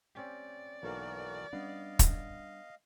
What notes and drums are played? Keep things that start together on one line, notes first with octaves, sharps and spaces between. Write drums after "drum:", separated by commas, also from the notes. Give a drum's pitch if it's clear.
C4 C#4 G4 D5
B1 E3 A#3 F#4 A4 A#4
G3 B3 C#4 D4 D#5 F5
drum: kick, hi-hat